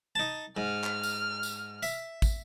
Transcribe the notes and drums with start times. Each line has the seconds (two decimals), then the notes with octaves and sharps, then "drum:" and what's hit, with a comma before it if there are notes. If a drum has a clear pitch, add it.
0.15 D#4 A5
0.57 G#2 F6
0.84 drum: clap
1.03 drum: tambourine
1.43 drum: tambourine
1.83 E5, drum: tambourine
2.22 drum: kick, tambourine